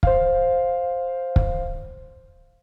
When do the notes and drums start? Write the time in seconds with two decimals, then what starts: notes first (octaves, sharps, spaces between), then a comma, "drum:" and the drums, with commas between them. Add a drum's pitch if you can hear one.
0.03 C5 F5, drum: kick
1.36 drum: kick